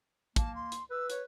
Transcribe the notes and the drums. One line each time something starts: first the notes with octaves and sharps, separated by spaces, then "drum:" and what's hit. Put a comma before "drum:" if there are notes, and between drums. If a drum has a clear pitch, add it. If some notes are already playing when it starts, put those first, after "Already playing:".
A#3 A5, drum: kick, hi-hat
C6
drum: hi-hat
B4 E6
C#5, drum: hi-hat